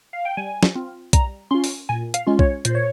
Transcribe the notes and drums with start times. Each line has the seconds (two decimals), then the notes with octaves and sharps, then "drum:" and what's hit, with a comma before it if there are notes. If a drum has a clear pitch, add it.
0.13 F5
0.25 G5
0.37 G3 G#5
0.63 drum: snare
0.75 C4 F4
1.13 G3 A#5, drum: kick B1, hi-hat
1.51 C#4 F4 C6
1.64 drum: open hi-hat
1.89 A#2 G#5
2.14 F5, drum: hi-hat
2.27 G#3 C#4 F4
2.39 C#5, drum: kick B1
2.65 A#2 C5, drum: hi-hat
2.75 C#5